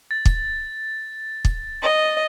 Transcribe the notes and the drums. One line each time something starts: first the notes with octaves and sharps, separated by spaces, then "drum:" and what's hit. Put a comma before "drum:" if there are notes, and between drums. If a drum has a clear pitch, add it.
A6
drum: kick
drum: kick
D#5